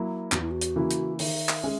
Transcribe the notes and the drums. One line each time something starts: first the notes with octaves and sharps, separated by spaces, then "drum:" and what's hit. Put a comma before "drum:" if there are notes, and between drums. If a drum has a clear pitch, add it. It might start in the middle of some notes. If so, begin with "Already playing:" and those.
Already playing: F#3 A#3 E4
E2 F#4, drum: clap
E4
F#4
drum: hi-hat
C#3 E3 A#3 E4
drum: hi-hat
D#3 E5, drum: open hi-hat
drum: clap
G#3 C#4 G#4